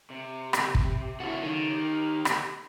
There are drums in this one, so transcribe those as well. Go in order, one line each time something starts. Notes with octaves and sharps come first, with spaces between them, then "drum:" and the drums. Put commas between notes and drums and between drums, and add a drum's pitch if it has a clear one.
C3
drum: rim click
drum: kick
C#3 E4 F#4 G#4 A4
D#3
D#4 G4
drum: rim click